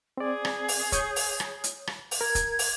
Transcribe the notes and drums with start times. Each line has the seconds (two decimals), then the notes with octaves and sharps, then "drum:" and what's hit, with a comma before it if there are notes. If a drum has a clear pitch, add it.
0.18 C4 G#4 D5
0.45 drum: rim click
0.68 drum: open hi-hat
0.92 C#5 D#6 G6, drum: kick, hi-hat
1.16 drum: open hi-hat
1.40 drum: rim click
1.64 drum: hi-hat
1.87 drum: rim click
2.11 drum: open hi-hat
2.21 A#4 G#6
2.35 drum: kick, hi-hat
2.59 drum: open hi-hat